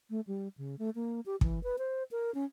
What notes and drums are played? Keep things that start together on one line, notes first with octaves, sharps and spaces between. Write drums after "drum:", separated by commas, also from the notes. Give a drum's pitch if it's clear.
A3
G3
C#3
A3
A#3
G4
E3, drum: kick
B4
C5
A#4
C#4